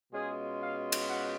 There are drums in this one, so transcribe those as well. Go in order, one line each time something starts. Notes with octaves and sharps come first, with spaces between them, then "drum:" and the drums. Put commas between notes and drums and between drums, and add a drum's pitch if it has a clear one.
B2 G#3 C#4 F4 G#4
F5
drum: cymbal
F#5